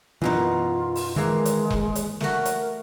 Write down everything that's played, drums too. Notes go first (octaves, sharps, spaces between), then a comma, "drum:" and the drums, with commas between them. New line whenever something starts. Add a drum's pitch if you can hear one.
F#2 B2 E3 B3 D#4 F4
drum: open hi-hat
D#3 E3 G#3 A#3
drum: hi-hat
drum: kick E1
drum: hi-hat
A3 F#4 A#4, drum: snare
drum: hi-hat